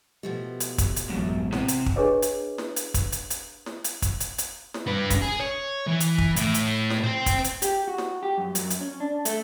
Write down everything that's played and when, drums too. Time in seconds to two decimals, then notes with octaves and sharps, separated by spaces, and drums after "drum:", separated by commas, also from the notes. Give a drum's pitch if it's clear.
0.23 B2 F3 A3 G4 D#5
0.60 drum: hi-hat
0.78 drum: kick, hi-hat
0.96 drum: hi-hat
1.10 A1 F#2 G#3 B3
1.53 C3 F#5, drum: snare
1.68 drum: hi-hat
1.86 drum: kick
1.96 D4 G4 G#4 B4 C#5 D#5
2.22 drum: hi-hat
2.58 drum: snare
2.76 drum: hi-hat
2.94 drum: kick, hi-hat
3.12 drum: hi-hat
3.30 drum: hi-hat
3.66 drum: snare
3.84 drum: hi-hat
4.02 drum: kick, hi-hat
4.20 drum: hi-hat
4.38 drum: hi-hat
4.74 drum: snare
4.87 G2 B4
5.10 drum: kick, hi-hat
5.22 G#4
5.40 C#5
5.87 E3
6.00 drum: hi-hat
6.18 drum: kick
6.36 A2, drum: hi-hat
6.54 drum: hi-hat
6.90 drum: snare
7.04 C5 G5
7.26 drum: kick, hi-hat
7.44 drum: hi-hat
7.62 G4, drum: hi-hat
7.88 F#4
7.98 drum: snare
8.23 G4
8.38 F#2
8.55 F#2, drum: hi-hat
8.70 drum: hi-hat
8.81 C#4
9.00 D4
9.25 A3, drum: hi-hat